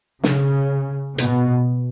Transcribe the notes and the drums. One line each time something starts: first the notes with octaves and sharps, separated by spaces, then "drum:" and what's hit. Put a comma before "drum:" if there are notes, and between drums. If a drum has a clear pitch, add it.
C#3, drum: snare
B2, drum: hi-hat